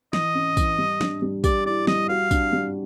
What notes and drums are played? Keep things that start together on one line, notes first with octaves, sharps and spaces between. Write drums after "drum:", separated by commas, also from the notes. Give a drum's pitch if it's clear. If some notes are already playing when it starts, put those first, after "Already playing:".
E3 D#5, drum: snare
C#4
E3, drum: kick, tambourine
G3
D4, drum: snare
G3
G4 D5, drum: kick, tambourine
E4 D5
G3 D#5, drum: snare
F#4 F5
D4, drum: kick, tambourine
G3